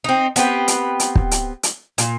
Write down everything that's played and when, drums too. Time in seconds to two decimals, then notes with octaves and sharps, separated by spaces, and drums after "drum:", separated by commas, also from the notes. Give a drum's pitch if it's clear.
0.04 C4 D#4
0.36 B3 C4 G4 B4, drum: hi-hat
0.68 drum: hi-hat
1.00 drum: hi-hat
1.15 drum: kick
1.31 drum: hi-hat
1.63 drum: hi-hat
1.98 A#2, drum: hi-hat